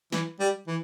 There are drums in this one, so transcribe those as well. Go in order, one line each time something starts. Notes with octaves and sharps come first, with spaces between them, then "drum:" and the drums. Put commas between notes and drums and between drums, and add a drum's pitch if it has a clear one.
E3, drum: snare
G3
E3